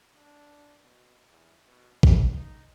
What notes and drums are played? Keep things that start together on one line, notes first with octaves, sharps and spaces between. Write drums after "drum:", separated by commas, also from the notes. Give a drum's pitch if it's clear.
D4
B2
E2
B2
C#2, drum: kick A1
D#4